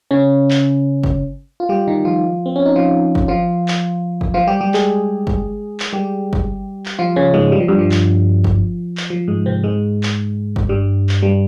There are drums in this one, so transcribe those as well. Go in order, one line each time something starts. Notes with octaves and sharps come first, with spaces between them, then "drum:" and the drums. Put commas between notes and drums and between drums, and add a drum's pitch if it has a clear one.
C#3 C#4
drum: clap
drum: kick G1
F4
G3 G4
D#3 D#4
F3 F4
C4
C#4
D#4
F3 F4
drum: kick G1
F3 F4
drum: clap
drum: kick G1
F3 F4
G3 G4
G3 G4
G#3 G#4, drum: clap
drum: kick G1
drum: clap
G3 G4
drum: kick G1
drum: clap
F3 F4
C#3 C#4
G#2 G#3
G3
F3
G2 G3
F3
drum: clap
drum: kick G1
drum: clap
F3
G#2 G#3
C3 C4
G#2 G#3
drum: clap
drum: kick G1
G2 G3
drum: clap
G3